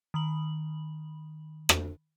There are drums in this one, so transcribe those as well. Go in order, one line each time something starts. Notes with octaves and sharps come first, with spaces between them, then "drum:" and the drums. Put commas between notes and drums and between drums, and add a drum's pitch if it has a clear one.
D#3 B5 F#7
drum: rim click